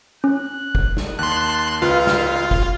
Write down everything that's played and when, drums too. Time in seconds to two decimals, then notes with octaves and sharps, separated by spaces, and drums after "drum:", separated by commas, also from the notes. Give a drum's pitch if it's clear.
0.24 C#4 F#6
0.75 drum: kick
0.97 drum: snare
1.19 D#2 A5 C6 F#6
1.82 C#2 F4 B4 F5
2.07 drum: snare
2.51 drum: kick